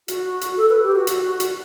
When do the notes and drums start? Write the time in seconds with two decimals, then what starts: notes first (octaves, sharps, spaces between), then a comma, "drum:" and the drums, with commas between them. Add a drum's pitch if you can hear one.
0.08 F#4, drum: hi-hat
0.41 drum: hi-hat
0.57 A4
0.70 B4
0.83 G4
0.95 F#4
1.07 drum: hi-hat
1.40 drum: hi-hat